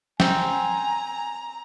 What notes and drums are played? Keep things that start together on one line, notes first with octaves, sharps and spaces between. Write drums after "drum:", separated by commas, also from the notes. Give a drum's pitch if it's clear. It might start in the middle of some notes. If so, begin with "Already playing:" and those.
C4 G5 G#5 A#5, drum: snare